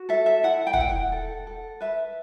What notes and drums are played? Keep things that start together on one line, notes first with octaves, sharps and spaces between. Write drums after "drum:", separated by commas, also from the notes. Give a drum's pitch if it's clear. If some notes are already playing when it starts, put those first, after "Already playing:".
Already playing: F#4
A4 E5
E5
E4 F#5
G5
F#5, drum: kick
E4 G5
F#5
A4
A4
B4 E5